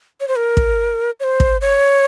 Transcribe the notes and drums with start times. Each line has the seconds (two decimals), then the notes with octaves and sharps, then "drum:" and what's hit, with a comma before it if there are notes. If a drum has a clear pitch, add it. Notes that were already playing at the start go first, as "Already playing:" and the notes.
0.20 C#5
0.28 C5
0.36 A#4
0.57 drum: kick
1.20 C#5
1.24 C5
1.40 drum: kick
1.61 C#5